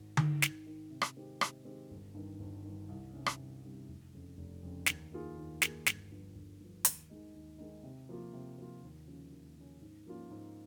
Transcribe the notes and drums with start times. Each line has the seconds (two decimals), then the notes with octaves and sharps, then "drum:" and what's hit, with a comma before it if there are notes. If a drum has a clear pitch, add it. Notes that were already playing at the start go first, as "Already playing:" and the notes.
Already playing: G#1
0.17 G#2 D#3, drum: tom D3
0.42 G#1, drum: snare
0.66 G#2 D#3
0.91 C3
1.02 drum: rim click
1.16 D#3 G#3 C4 G4
1.41 C3, drum: rim click
1.65 D#3 G#3 C4 G4
1.90 G1
2.14 G2 D#3
2.39 G1
2.64 G2 D#3
2.88 C2
3.13 C3 D#3 G3 C#4
3.26 drum: rim click
3.38 C2
3.63 C3 D#3 G3 C#4
3.88 F1
4.13 F2 C#3
4.37 F1
4.63 F2 C#3
4.86 D#2, drum: snare
5.12 D#3 A#3 F4 G#4
5.36 D#2
5.62 D#3 A#3 F4 G#4, drum: snare
5.86 G1, drum: snare
6.11 G2 F3
6.35 G1
6.60 G2 F3
6.85 D#2, drum: hi-hat
7.10 D#3 G#3 D#4
7.35 D#2
7.58 D#3 G#3 D#4
7.83 C3
8.09 F3 A#3 F4
8.33 C3
8.58 F3 A#3 F4
8.82 D#2
9.07 C#3 F3 A#3 C#4
9.33 D#2
9.56 C#3 F3 A#3 C#4
9.82 G#2
10.06 F3 A#3 C#4 F4
10.30 G#2